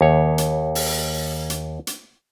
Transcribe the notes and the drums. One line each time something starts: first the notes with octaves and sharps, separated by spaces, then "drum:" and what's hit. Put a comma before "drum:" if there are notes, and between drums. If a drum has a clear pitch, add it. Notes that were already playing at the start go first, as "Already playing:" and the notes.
D#2 C#5
drum: hi-hat
drum: open hi-hat
drum: hi-hat
drum: hi-hat